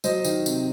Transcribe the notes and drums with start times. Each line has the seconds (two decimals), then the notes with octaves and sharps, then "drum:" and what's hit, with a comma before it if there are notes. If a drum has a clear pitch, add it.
0.04 F#3 C5 D#5, drum: tambourine
0.24 D#3, drum: tambourine
0.46 C3, drum: tambourine